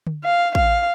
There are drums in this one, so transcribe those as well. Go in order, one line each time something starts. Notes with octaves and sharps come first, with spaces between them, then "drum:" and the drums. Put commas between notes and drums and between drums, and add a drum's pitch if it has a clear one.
drum: tom D3
F5
F5, drum: kick A1